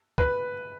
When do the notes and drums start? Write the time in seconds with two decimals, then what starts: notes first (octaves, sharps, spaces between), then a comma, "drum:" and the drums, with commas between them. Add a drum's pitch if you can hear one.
0.18 B4, drum: kick